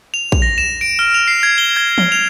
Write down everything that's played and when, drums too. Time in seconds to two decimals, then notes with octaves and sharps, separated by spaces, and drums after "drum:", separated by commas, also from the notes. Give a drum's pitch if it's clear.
0.14 F7
0.32 drum: kick A#1
0.42 A#6
0.58 E7
0.81 D7
0.99 F6
1.14 F7
1.28 C7
1.43 G#6
1.58 G7
1.77 G#6
1.98 G7, drum: tom
2.12 F7